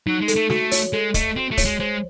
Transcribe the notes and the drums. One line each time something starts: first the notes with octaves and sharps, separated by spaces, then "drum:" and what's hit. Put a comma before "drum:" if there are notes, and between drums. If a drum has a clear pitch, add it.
F#3 D#4
G#3
A4, drum: hi-hat
A3
A3 F#4, drum: snare
C#5, drum: open hi-hat
G#3 A4
A3 D#5, drum: kick, hi-hat
C4 F#4
A3
C#5, drum: kick, open hi-hat
G#3
G#3 C5